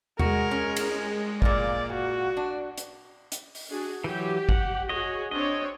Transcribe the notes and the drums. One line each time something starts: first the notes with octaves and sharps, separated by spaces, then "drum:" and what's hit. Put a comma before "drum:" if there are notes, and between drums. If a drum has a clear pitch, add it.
G#3 F#4 A#4, drum: tom E2
C#4
drum: cymbal
A#2 A#3 D5, drum: kick
F#4
D4
drum: hi-hat
drum: hi-hat
drum: open hi-hat
D4 F#4 G#4
E3 F#3 G4
F#5, drum: kick
F#4 G#4 C#5 D#5
C4 D4 C#5 D#5